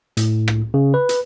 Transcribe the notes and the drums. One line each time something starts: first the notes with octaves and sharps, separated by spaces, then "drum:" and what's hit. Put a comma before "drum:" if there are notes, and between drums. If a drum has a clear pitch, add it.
A2, drum: hi-hat
drum: rim click
C#3
B4
drum: hi-hat